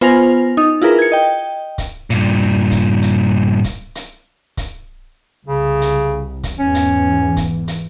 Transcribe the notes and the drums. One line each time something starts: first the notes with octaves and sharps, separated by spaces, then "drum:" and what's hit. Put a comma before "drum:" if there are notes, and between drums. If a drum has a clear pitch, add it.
B3 F4 C5 G#5 A#6 F7
D#4 D#6
E4 F4 G#4 A#4 B4
G#6 C#7
D#5 G5
drum: kick C#1, hi-hat
G2 A#2, drum: hi-hat
drum: kick C#1, hi-hat
drum: hi-hat
drum: kick C#1, hi-hat
drum: hi-hat
drum: kick C#1, hi-hat
C2 C#3
drum: hi-hat
drum: kick C#1, hi-hat
E2 G#2 E3 C#4
drum: hi-hat
drum: kick C#1, hi-hat
drum: hi-hat